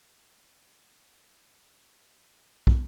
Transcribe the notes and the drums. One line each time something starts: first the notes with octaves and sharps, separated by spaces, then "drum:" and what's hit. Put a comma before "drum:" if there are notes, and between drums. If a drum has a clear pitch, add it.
G4 F5
A#4
A2 F#4
drum: kick